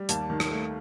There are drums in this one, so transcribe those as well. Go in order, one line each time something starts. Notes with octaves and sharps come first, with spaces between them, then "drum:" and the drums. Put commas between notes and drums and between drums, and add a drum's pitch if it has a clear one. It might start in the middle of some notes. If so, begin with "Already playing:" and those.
Already playing: G3
D#2 A5, drum: hi-hat
D#3
drum: rim click
A3